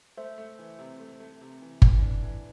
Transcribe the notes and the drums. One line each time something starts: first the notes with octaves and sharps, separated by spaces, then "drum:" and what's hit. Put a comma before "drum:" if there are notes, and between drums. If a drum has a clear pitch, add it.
A3 C5 E5
A3
E3
C3
A3
A3
C3
E3
E3, drum: kick G1
D4
E3